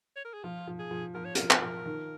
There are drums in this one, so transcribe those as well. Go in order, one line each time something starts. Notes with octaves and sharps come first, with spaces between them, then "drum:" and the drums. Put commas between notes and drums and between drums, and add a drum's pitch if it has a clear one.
C#5
A#4
G#4
F3 F4
F3
G#4
F3
F3 A#4
C#5
F3 A#4, drum: hi-hat
drum: clap
F3
D#3